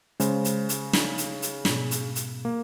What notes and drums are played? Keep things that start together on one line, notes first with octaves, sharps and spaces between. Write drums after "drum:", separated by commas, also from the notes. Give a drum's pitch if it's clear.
C#3 G#3 C5, drum: hi-hat
drum: hi-hat
drum: hi-hat
D#4, drum: snare
drum: hi-hat
drum: hi-hat
G#2 B2, drum: snare
drum: hi-hat
drum: hi-hat
A#3